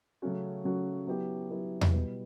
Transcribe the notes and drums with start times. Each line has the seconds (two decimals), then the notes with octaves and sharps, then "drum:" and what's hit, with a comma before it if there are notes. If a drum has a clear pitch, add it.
0.22 C#3 F#3 A3 C#4 F#4
0.64 C#3 F#3 A3 C#4 F#4
1.07 F#3 B3 E4 G4
1.50 F#3 B3 E4 G4
1.81 drum: tom E2
1.92 B2 G3 B3